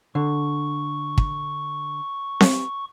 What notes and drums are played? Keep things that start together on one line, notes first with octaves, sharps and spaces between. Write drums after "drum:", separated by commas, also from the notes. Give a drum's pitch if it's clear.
D3 C#6
drum: kick
drum: snare C4